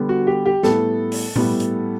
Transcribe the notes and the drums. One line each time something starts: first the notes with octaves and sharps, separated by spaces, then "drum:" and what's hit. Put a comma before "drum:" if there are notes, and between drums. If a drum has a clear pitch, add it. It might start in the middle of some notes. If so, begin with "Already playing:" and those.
Already playing: D3 G3 B3
F#4
G4
G4
A2 G3 B3 A4, drum: snare
drum: open hi-hat
A2 G3 B3, drum: tom A2
drum: hi-hat